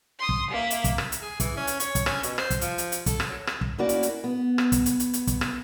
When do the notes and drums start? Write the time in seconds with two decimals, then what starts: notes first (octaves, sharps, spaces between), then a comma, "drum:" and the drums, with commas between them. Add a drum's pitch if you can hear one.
0.19 C6 D#6
0.29 drum: kick
0.51 A#3 E5
0.70 drum: hi-hat
0.84 drum: kick, hi-hat
0.98 drum: rim click
1.12 drum: hi-hat
1.22 G#4
1.40 E3, drum: kick, hi-hat
1.57 C#4
1.67 drum: hi-hat
1.80 C#5, drum: hi-hat
1.95 drum: kick, hi-hat
2.06 C#4, drum: rim click
2.23 B2, drum: hi-hat
2.38 C5, drum: rim click
2.50 drum: kick, hi-hat
2.61 F3, drum: hi-hat
2.78 drum: hi-hat
2.92 drum: hi-hat
3.06 A4, drum: kick, hi-hat
3.20 drum: rim click
3.29 F#3
3.47 drum: rim click
3.61 drum: kick
3.78 A#3 C#4 D#4 E4 F#4 D5
3.89 drum: hi-hat
4.03 drum: hi-hat
4.24 B3
4.58 drum: rim click
4.72 drum: kick, hi-hat
4.86 drum: hi-hat
5.00 drum: hi-hat
5.14 drum: hi-hat
5.27 drum: kick, hi-hat
5.41 drum: rim click